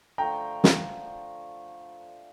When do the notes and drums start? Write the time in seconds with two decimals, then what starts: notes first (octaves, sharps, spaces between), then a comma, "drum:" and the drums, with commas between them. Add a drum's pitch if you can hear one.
0.18 D3 F3 A3 G5 A#5
0.64 drum: snare